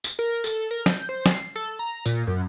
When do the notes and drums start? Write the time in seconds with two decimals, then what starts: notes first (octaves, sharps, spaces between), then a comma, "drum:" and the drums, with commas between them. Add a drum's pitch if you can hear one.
0.04 drum: tambourine
0.19 A#4
0.44 A4, drum: tambourine
0.71 A#4
0.86 G6, drum: snare
1.09 C5
1.26 C7, drum: snare
1.56 A4
1.79 A#5
2.06 A#2, drum: tambourine
2.27 F#2